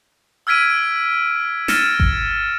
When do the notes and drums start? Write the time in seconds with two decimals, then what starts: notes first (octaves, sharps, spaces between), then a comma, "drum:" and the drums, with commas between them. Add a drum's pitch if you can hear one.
0.47 E6 F6 G#6 B6 D7 D#7
1.68 F6 A6 A#6 C#7 D#7 E7, drum: snare
2.00 drum: kick G#1